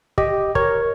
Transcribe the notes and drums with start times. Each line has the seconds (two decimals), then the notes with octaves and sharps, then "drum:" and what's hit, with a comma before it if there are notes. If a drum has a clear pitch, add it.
0.18 G4 D#5, drum: kick
0.55 A#4 C#5, drum: kick